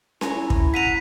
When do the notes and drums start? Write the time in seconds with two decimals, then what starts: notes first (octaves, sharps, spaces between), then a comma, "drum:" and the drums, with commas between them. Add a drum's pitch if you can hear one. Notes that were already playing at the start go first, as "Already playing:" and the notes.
0.21 E4 C#5 G#5 A#5, drum: snare C#4
0.50 drum: kick
0.74 F#5 A#5 B6 D#7 F7